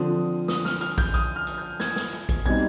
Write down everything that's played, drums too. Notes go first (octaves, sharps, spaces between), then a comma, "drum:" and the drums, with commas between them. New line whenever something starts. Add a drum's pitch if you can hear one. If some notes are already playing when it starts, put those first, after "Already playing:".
Already playing: D3 F3 C4 F4 D#6
D#6, drum: snare
F6, drum: snare
F6, drum: hi-hat
G6, drum: kick A#1, hi-hat
D#6, drum: hi-hat
F6
drum: hi-hat
G6
G#6, drum: snare
drum: snare
drum: hi-hat
drum: kick A#1, hi-hat
B2 G3 C4 D#4 G#6, drum: hi-hat